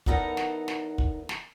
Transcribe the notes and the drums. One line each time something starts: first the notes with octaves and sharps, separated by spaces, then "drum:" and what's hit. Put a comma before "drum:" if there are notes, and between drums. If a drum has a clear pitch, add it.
E2 B3 D#4 A4 A#4 F#5, drum: kick
drum: snare
drum: snare
drum: kick
drum: snare